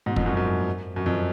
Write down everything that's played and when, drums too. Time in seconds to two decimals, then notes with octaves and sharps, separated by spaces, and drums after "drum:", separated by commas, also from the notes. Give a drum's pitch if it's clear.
0.06 G#2 B2
0.16 F2 G#2, drum: kick
0.26 F#2
0.37 F#2
0.96 F#2
1.06 F2